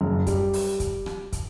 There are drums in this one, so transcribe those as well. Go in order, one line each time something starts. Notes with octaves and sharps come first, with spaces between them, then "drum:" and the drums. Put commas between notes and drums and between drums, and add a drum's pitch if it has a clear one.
F#1
G3, drum: kick, hi-hat
drum: open hi-hat
drum: kick, hi-hat
drum: rim click
drum: kick, hi-hat